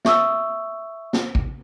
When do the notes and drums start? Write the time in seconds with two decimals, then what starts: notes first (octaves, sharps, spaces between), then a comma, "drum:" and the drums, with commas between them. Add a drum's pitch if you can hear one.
0.05 E5 C#6 D#6 E6, drum: snare
1.13 drum: snare
1.35 drum: kick